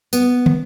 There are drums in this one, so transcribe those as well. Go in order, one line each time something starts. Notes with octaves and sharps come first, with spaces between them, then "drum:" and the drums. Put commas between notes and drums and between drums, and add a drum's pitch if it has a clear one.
B3, drum: tambourine
drum: tom